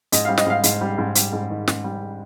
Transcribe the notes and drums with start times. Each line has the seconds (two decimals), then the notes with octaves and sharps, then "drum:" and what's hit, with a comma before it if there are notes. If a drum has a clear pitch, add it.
0.12 G#2 D#5, drum: hi-hat
0.25 G3 F5
0.38 D#5, drum: snare
0.46 G#2 F5
0.63 G#2, drum: hi-hat
0.81 G3
0.98 G#2
1.15 G3, drum: hi-hat
1.33 G#2
1.50 D#3
1.68 G#2, drum: snare
1.84 G3